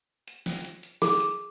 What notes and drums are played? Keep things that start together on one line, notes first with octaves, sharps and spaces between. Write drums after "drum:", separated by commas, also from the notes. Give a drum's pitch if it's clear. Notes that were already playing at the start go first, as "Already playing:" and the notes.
drum: hi-hat
drum: snare
drum: hi-hat
drum: hi-hat
G#4, drum: snare
drum: hi-hat